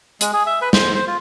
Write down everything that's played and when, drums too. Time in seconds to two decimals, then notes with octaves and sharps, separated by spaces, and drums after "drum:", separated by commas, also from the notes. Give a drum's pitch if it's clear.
0.21 G#3, drum: hi-hat
0.33 G#4
0.46 E5
0.61 B4
0.73 C5, drum: snare
0.95 C5
1.07 F4